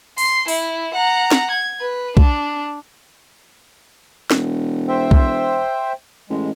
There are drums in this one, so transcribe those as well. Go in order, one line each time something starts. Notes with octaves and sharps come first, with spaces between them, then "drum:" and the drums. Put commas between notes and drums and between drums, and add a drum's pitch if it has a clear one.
C6, drum: open hi-hat
E4, drum: open hi-hat
F#5 A#5
drum: snare
G#6
B4
D4, drum: kick
E1, drum: snare
C5 E5 G5
drum: kick
A1 G#3